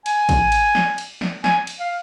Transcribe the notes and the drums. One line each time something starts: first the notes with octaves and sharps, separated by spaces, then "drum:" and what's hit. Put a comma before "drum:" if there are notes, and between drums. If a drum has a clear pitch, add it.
G#5, drum: cymbal
drum: kick, cymbal
drum: cymbal
drum: snare
drum: cymbal
drum: snare
G#5, drum: snare
drum: cymbal
F5